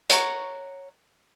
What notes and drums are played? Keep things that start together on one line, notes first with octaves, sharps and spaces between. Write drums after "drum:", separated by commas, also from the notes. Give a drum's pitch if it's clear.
C#5 F#5 A#5 C#6, drum: hi-hat